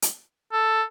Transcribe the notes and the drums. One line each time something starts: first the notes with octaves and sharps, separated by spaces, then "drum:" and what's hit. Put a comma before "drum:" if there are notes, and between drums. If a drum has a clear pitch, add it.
drum: hi-hat
A4